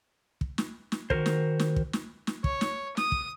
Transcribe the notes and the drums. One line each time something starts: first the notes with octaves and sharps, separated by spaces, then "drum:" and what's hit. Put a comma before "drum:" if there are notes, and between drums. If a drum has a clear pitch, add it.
drum: kick
drum: snare
drum: snare
D#3 F#4 G#4 A#4 C5, drum: kick
drum: snare
drum: snare
drum: kick
drum: snare
drum: snare
C#5, drum: kick
drum: snare
D#6, drum: snare
drum: kick